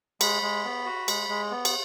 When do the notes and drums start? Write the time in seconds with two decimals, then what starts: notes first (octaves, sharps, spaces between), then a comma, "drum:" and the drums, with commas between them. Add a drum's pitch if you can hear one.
0.21 G#3 B5, drum: cymbal
0.42 G#3
0.65 B3
0.86 F#4
1.08 G#3, drum: cymbal
1.29 G#3
1.51 B3
1.65 drum: cymbal